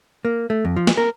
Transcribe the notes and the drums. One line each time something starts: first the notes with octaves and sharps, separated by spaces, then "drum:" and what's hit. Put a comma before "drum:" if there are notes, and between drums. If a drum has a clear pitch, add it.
A#3
A3
F2
F3
drum: snare
A#4